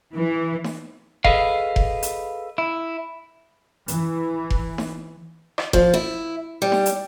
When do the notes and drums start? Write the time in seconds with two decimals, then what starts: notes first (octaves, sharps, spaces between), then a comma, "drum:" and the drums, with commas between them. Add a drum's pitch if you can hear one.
0.15 E3
0.64 drum: snare D#4
1.24 G#4 A4 B4 D#5 F5, drum: kick F1
1.76 drum: kick F1
2.03 drum: hi-hat
2.58 E4
3.88 E3, drum: hi-hat
4.50 drum: kick F1
4.78 drum: snare D#4
5.58 drum: rim click
5.73 F3, drum: kick F1
5.94 E4
6.62 G3
6.72 drum: snare D#4
6.86 drum: hi-hat